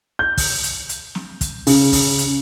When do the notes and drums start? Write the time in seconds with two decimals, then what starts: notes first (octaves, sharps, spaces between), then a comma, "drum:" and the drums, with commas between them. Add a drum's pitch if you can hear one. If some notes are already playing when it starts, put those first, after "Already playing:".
0.19 G6
0.37 drum: kick, open hi-hat
0.63 drum: hi-hat
0.89 drum: hi-hat
1.15 drum: snare
1.41 drum: kick, hi-hat
1.67 C#3, drum: open hi-hat
1.92 drum: kick, open hi-hat
2.18 drum: hi-hat